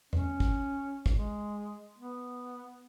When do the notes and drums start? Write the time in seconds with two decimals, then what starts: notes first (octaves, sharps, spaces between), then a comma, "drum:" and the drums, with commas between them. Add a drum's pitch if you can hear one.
0.13 C#4, drum: tom E2
0.40 drum: kick
1.06 drum: kick
1.15 G#3
1.98 B3